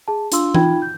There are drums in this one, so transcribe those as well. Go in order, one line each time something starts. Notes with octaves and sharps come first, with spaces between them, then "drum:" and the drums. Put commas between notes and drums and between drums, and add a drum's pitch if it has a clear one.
G#4 A5
D4 F4 F5 C6 E6, drum: hi-hat
D#4 F4 G5 B5 G#6, drum: tom E3
G6